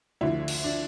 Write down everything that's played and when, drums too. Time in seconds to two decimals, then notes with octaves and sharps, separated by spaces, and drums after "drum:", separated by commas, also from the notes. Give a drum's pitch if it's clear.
0.21 D2 D3 F3 E4
0.48 drum: cymbal
0.64 D4